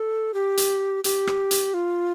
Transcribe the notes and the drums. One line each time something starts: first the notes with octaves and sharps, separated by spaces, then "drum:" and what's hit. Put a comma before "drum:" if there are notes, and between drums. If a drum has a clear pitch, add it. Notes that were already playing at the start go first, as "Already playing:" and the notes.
Already playing: A4
G4
drum: hi-hat
G4, drum: hi-hat
drum: rim click
drum: hi-hat
F4